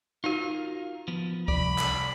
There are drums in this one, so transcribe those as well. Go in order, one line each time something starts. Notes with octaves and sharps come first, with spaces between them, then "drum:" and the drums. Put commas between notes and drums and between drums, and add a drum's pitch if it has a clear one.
D#4 F4 F#4 A#4 F5
F3 B3
C2 D5 B5, drum: kick C2
drum: clap